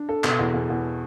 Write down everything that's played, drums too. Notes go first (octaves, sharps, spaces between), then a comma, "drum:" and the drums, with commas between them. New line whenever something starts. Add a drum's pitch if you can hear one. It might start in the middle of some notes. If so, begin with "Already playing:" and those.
Already playing: D4
A4
B2, drum: clap
E2
E2
E2